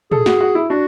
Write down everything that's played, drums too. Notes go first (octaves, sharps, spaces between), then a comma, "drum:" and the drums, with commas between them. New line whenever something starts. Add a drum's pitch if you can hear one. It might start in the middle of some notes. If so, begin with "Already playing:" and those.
G#4 A4, drum: tom
F#4, drum: snare
F#4
E4
D4 F#4